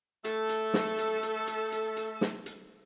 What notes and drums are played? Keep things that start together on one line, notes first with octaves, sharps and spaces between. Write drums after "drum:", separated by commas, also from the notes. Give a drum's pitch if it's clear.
A3 A4, drum: hi-hat
drum: hi-hat
drum: snare
drum: hi-hat
drum: hi-hat
drum: hi-hat
drum: hi-hat
drum: hi-hat
drum: snare
drum: hi-hat